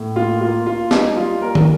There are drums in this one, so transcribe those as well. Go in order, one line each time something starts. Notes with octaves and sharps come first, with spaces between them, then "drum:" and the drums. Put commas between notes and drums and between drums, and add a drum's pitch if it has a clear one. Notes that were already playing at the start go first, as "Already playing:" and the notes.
Already playing: A2
A#3 F4
A#3 F4
A#3 F4
G3 D#4, drum: snare
G3 F4
A#3 A#4
drum: tom